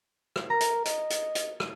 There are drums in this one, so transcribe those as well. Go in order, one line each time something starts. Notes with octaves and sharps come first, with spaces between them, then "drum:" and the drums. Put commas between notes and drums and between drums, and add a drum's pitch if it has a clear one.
drum: rim click
A#4 A#5
drum: hi-hat
D#5, drum: hi-hat
drum: hi-hat
drum: hi-hat
drum: rim click